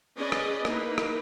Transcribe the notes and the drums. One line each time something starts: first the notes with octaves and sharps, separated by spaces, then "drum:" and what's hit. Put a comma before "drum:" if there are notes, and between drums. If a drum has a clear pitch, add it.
C#4 G#4 B4 D5 D#5
drum: rim click
A#3 D#4 E4 B4, drum: rim click
drum: rim click